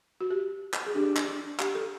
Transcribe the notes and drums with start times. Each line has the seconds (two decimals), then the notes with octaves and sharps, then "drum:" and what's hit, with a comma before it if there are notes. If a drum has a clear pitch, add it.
0.21 F#4
0.30 G4
0.74 drum: clap
0.86 G#4
0.95 D4 G4
1.16 drum: clap
1.59 G4, drum: clap
1.75 A4